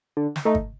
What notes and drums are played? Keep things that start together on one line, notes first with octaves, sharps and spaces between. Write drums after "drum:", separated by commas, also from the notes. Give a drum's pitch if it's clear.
D3
drum: snare
A3 D#4
drum: kick